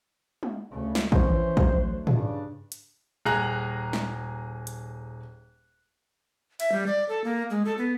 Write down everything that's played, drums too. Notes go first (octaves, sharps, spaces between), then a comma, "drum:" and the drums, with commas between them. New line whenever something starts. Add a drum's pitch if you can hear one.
drum: tom
D2 C#3
drum: snare
E3 C#4 C5, drum: kick
drum: kick
D2 F#3
G2 C#3 D4, drum: tom
drum: hi-hat
D#1 G#4 A#5 F#6
drum: snare
drum: hi-hat
E5, drum: cymbal
G3
D5
A4
A#3
G#3
A4
B3